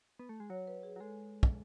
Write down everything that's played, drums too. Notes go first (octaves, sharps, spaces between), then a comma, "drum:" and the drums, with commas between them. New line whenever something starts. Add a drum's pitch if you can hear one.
B3
A3
G#3
F#3 C#5
B4
G#4
F#3
G#3 A4
drum: kick